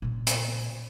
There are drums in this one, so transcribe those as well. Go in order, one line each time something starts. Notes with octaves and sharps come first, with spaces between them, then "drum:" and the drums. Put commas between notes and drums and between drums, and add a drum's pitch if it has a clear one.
A#2 C#3
drum: hi-hat